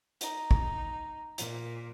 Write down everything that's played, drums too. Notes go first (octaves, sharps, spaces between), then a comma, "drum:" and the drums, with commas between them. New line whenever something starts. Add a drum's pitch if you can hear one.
D#4, drum: hi-hat
drum: kick
A#2, drum: hi-hat